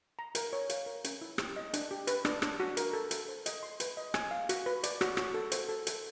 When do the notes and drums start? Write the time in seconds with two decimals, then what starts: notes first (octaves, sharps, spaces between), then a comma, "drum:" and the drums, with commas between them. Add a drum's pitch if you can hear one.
0.19 A#5
0.35 A#4, drum: hi-hat
0.53 C#5
0.69 F5, drum: hi-hat
0.86 A#4
1.04 C#4, drum: hi-hat
1.21 E4
1.38 G4, drum: rim click
1.56 D#5
1.74 D4, drum: hi-hat
1.91 G4
2.07 B4, drum: hi-hat
2.25 D4, drum: rim click
2.42 D4, drum: rim click
2.60 F#4
2.77 A#4, drum: hi-hat
2.93 A4
3.11 A4, drum: hi-hat
3.29 C5
3.46 D#5, drum: hi-hat
3.63 C6
3.80 B4, drum: hi-hat
3.97 D#5
4.14 G#5, drum: rim click
4.31 F5
4.49 F#4, drum: hi-hat
4.66 B4
4.83 D5, drum: hi-hat
5.01 F#4, drum: rim click
5.17 F#4, drum: rim click
5.34 A4
5.52 C5, drum: hi-hat
5.69 A4
5.87 A4, drum: hi-hat